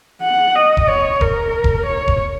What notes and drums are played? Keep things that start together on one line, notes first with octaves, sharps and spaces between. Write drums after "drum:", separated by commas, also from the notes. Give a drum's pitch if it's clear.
F#5
D#5
drum: kick E1
C#5
A#4, drum: kick E1
drum: kick E1
C#5
drum: kick E1